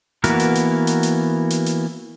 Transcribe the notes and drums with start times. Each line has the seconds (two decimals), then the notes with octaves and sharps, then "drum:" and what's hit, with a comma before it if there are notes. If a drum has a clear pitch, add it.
0.24 E3 A#3 B3 F#4 A#4, drum: hi-hat
0.40 drum: hi-hat
0.55 drum: hi-hat
0.87 drum: hi-hat
1.03 drum: hi-hat
1.50 drum: hi-hat
1.66 drum: hi-hat